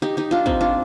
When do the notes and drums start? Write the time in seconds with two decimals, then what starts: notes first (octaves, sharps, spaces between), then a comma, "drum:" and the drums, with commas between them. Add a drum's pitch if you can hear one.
0.02 D#4 G4
0.17 D#4 G4
0.31 D4 F4
0.46 C4 D#4, drum: kick
0.61 D4 F4